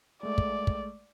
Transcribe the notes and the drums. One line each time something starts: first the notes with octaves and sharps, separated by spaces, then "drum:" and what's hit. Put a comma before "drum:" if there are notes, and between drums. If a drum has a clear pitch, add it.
G#3 A3 D5
drum: kick
drum: kick